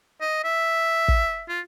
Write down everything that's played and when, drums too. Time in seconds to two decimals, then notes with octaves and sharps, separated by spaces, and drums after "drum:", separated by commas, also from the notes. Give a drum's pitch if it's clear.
0.21 D#5
0.44 E5
1.08 drum: kick
1.49 F4